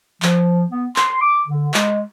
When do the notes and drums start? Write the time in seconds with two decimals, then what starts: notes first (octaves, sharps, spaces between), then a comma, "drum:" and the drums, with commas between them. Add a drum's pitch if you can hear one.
0.22 F3, drum: clap
0.70 B3
0.96 C6, drum: clap
1.22 D6
1.48 D3
1.74 G#3, drum: clap